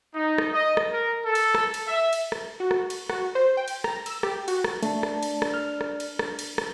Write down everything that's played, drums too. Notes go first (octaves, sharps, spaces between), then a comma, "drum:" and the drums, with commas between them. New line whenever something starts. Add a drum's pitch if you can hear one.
D#4
drum: rim click
D#5
drum: rim click
A#4
A4
drum: cymbal
drum: rim click
drum: cymbal
E5
drum: cymbal
drum: rim click
F#4
drum: rim click
drum: cymbal
F#4, drum: rim click
C5
G5
drum: cymbal
A#5, drum: rim click
E6, drum: cymbal
G4, drum: rim click
F#4, drum: cymbal
drum: rim click
A3 D4 A5, drum: cymbal
drum: rim click
drum: cymbal
drum: rim click
F6
drum: rim click
drum: cymbal
drum: rim click
drum: cymbal
drum: rim click